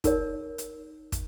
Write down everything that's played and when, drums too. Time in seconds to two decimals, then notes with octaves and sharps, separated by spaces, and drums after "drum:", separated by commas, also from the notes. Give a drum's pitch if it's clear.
0.04 D#4 A#4 C#5, drum: kick, hi-hat
0.58 drum: hi-hat
1.12 drum: kick, hi-hat